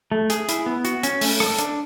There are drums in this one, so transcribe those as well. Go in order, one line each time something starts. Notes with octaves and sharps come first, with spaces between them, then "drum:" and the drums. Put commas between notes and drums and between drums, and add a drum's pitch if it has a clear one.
A3
G#4, drum: hi-hat
E4, drum: hi-hat
B3
F#4, drum: hi-hat
C#4, drum: hi-hat
A3, drum: open hi-hat
A4, drum: rim click
D4, drum: hi-hat